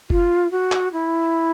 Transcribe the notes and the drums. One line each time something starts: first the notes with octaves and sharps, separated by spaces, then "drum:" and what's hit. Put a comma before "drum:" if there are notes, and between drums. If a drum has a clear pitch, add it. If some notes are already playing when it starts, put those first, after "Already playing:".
F4, drum: kick F#1
F#4
drum: clap
E4